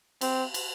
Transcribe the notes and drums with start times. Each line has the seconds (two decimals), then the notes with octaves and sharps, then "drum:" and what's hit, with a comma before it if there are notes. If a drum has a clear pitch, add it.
0.21 C4, drum: cymbal
0.54 drum: cymbal